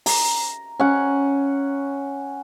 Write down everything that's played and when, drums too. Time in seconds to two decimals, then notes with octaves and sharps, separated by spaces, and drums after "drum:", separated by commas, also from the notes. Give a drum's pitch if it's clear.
0.06 A#5, drum: open hi-hat
0.80 C#4 F#5